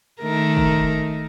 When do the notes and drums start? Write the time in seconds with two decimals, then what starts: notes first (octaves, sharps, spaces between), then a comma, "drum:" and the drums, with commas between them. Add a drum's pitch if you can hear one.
0.22 D#3 A3 A#4
0.57 drum: kick